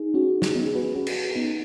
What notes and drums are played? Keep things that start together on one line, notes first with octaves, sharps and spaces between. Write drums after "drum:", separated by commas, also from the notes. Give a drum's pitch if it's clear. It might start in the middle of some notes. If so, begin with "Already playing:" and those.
Already playing: D#4 G#4
C#4 F#4
drum: snare
B3 D#4
G#4
F#4 B4
C#4 F#4
drum: cymbal
F#4
B3 D#4